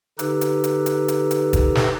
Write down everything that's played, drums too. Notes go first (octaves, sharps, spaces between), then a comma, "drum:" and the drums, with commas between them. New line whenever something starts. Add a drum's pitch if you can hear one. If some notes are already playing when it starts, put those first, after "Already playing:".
D3 D#4 G4 A4 B4, drum: hi-hat
drum: hi-hat
drum: hi-hat
drum: hi-hat
drum: hi-hat
drum: hi-hat
drum: kick, hi-hat
drum: snare